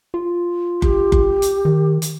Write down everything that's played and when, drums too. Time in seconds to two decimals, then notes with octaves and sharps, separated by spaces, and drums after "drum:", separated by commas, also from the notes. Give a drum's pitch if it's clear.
0.14 F4
0.82 G4, drum: kick F#1
1.12 drum: kick F#1
1.42 drum: hi-hat
1.65 D#3
2.02 drum: hi-hat